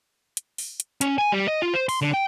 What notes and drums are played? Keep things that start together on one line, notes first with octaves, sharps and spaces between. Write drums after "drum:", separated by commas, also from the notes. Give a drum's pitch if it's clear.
drum: hi-hat
drum: open hi-hat
drum: hi-hat
C#4, drum: hi-hat
G#5
G3
D#5
F4
C5
C6, drum: open hi-hat
D3
G5